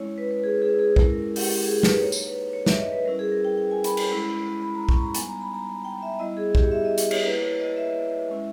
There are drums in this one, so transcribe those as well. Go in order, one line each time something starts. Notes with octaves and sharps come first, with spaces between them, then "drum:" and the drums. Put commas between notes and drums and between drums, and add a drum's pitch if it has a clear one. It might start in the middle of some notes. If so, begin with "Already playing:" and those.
Already playing: G#3 C#4 E4 C#5
B4
B4
G#4
G#4
G#4
G#3 C#4 E4 A#4, drum: kick
A#4
A#4
G4, drum: open hi-hat
G#4
B4, drum: snare
A#3 D#4 C#5
drum: tambourine
B4
C#5
E5, drum: snare
D#5
B4
G3 C#4 E4 A#4
G#4
A#4
G5
G5
G#5
B5, drum: hi-hat
B5, drum: cymbal
G#3 C#4 E4
B5
A#5
C#6, drum: kick
A#5
G3 B3 D#4 G#5, drum: hi-hat
A#5
B5
A#5
A#5
G5
E5
G3 B3 E4 D#5
G#4
G4, drum: kick
E5
D#5
D#5, drum: hi-hat
C#5, drum: cymbal
A#3 E4 B4
C#5
D#5
E5
G#3 C#4 E4